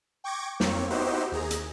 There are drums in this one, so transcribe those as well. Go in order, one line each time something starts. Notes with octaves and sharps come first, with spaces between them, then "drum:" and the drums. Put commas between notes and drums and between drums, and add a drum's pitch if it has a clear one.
G5 C#6 D6 G#6 A#6
F2 A#3 C4 C#5, drum: snare
B3 D#4 E4 F#4 G4 C5
D#2 G#4 A#5
drum: hi-hat